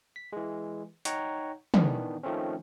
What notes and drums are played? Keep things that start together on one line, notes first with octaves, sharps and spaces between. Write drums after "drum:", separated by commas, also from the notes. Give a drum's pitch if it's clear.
B6
E3 G#3
D#4 C#5 F#5 G5 A#5, drum: hi-hat
D#3 E3 B3 D4, drum: tom
D#3 F3 A3 C4 C#4